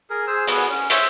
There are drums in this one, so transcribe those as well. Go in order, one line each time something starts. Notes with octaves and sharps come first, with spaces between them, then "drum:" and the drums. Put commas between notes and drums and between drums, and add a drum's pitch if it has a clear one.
G#4 A#4
G#4 C5 E6
B3 F#4 G#4, drum: hi-hat
C#4
C5 C#5 E5, drum: hi-hat